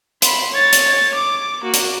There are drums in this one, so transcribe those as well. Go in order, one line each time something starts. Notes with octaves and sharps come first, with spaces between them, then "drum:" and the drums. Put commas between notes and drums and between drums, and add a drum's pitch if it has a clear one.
B5 C6, drum: hi-hat
C#5 A6
drum: hi-hat
D6
A#3 F#4
drum: hi-hat